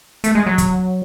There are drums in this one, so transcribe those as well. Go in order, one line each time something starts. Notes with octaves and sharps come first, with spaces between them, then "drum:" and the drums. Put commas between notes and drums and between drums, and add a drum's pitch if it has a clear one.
A3, drum: hi-hat
G#3
F#3
drum: kick, hi-hat